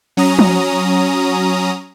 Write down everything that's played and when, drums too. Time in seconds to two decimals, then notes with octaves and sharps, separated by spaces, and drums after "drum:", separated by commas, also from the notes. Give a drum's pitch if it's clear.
0.17 F#3 C#4 A#5 D#6
0.39 drum: tom F3